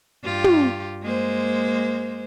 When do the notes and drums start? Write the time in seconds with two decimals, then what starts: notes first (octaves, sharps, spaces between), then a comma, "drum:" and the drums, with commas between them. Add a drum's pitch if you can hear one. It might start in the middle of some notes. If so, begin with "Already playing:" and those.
0.24 G2 F4 G4
0.44 drum: tom
1.02 G#3 A#3 C5